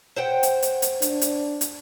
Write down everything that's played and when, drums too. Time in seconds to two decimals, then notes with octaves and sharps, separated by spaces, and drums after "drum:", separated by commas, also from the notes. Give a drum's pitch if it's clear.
0.16 C5 F#5 G5
0.43 drum: hi-hat
0.63 drum: hi-hat
0.82 drum: hi-hat
1.02 D4, drum: hi-hat
1.21 drum: hi-hat
1.61 drum: hi-hat